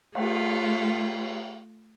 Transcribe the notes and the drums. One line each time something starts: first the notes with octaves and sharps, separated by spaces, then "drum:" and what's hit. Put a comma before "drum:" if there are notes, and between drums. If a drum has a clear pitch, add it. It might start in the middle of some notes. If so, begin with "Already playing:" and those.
A3 F4, drum: cymbal